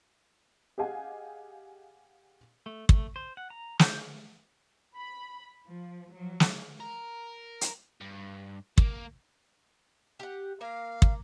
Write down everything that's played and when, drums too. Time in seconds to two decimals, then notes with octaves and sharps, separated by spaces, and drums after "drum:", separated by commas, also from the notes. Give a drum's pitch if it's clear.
0.78 G4 G#4 D#5 F5 F#5 G#5
2.66 A3
2.89 A3, drum: kick
3.16 C5
3.37 F#5
3.50 A#5
3.79 G6, drum: snare
4.96 B5
5.67 F3
6.13 F#3
6.40 drum: snare
6.80 A#4
7.61 drum: hi-hat
8.01 G2
8.78 A#3, drum: kick
10.19 G4 F#5
10.61 A#3 A#4 F5
11.02 drum: kick